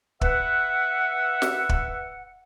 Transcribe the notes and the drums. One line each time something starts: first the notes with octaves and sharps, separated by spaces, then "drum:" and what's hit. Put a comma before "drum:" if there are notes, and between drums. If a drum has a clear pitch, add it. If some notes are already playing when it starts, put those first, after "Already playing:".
B4 E5 F#5, drum: kick
drum: snare
drum: kick